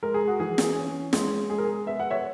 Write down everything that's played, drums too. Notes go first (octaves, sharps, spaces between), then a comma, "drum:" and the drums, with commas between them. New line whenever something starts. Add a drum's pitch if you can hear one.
G#3 A#4
G#4
F#4
E3 G#4
drum: snare
C#4
G#3, drum: snare
G#3 G#4
A#4
G#4
B3 E5
F#5
C#5 E5